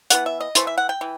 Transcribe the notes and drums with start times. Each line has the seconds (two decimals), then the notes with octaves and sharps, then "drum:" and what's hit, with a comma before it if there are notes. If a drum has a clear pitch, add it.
0.10 E3 B3 F#5, drum: hi-hat
0.26 E5
0.40 D#5
0.55 E3 A3 C5, drum: hi-hat
0.67 E5
0.78 F#5
0.89 G5
1.01 E3